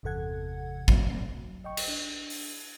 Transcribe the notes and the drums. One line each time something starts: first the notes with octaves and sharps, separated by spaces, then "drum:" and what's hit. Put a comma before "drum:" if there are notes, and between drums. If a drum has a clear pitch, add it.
G1 E2 C3 A4 F#5 G#6
F#3, drum: kick
D#5 G5 C#6
drum: cymbal
D4
drum: open hi-hat